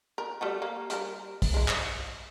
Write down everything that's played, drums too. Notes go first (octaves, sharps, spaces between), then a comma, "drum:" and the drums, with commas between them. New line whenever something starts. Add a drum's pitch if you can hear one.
A#4
G3 A3 F#4
A#3
G3 G4 A#4, drum: hi-hat
drum: kick, open hi-hat
G#3 E4
drum: clap